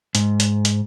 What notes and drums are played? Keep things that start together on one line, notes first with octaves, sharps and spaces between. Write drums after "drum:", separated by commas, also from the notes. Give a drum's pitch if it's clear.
G#2, drum: hi-hat
drum: hi-hat
drum: hi-hat